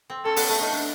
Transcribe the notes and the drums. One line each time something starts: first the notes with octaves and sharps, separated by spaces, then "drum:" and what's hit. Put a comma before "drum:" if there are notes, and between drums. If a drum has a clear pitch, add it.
C4
C#4 A4
B3, drum: open hi-hat
A3
D#4
D4